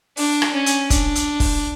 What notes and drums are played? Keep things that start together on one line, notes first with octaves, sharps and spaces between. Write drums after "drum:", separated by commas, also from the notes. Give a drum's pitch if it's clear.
D4, drum: open hi-hat
drum: rim click
C#4
drum: hi-hat
D4, drum: kick, hi-hat
drum: hi-hat
drum: kick, open hi-hat